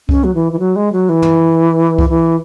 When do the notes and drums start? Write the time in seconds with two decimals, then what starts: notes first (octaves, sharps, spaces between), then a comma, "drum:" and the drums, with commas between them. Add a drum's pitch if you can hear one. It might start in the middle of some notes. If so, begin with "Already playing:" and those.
0.09 C#4, drum: kick C2
0.24 F#3
0.35 E3
0.53 E3
0.59 F#3
0.76 G#3
0.92 F#3
1.09 E3
1.22 drum: tom
1.98 drum: kick C2
2.09 E3